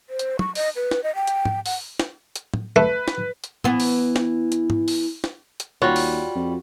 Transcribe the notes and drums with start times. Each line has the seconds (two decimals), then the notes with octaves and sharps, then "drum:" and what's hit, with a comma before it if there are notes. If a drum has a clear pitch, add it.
0.10 C5
0.19 drum: hi-hat
0.39 C#6, drum: tom
0.55 D#5, drum: open hi-hat
0.76 B4
0.91 drum: snare
1.03 D#5
1.15 G5
1.27 drum: hi-hat
1.45 drum: tom G#2
1.66 F#5, drum: open hi-hat
2.00 drum: snare
2.36 drum: hi-hat
2.54 drum: tom
2.76 A3 B4
3.08 drum: snare
3.44 drum: hi-hat
3.64 E3 B3, drum: tom
3.80 drum: open hi-hat
4.16 drum: snare
4.52 drum: hi-hat
4.70 drum: tom G#2
4.88 drum: open hi-hat
5.24 drum: snare
5.60 drum: hi-hat
5.82 D#2 G3 F4 F#4 C#5
5.96 drum: open hi-hat
6.35 F2